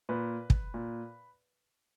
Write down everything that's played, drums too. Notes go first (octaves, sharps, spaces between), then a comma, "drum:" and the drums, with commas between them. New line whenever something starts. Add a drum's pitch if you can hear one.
A#2 B4
drum: kick
A#2